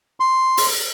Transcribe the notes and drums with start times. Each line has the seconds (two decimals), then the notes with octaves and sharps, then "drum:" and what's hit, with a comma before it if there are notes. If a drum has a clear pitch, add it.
0.20 C6
0.57 drum: open hi-hat